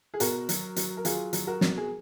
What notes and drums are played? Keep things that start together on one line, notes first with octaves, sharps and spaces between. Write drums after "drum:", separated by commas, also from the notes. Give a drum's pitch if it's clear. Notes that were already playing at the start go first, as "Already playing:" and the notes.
G#4
B2 F#4 A#4, drum: hi-hat
F#3, drum: hi-hat
F#3, drum: hi-hat
A#4
F#3 F4 G#4, drum: hi-hat
F#3, drum: hi-hat
F#4 A#4
B2, drum: snare
G#4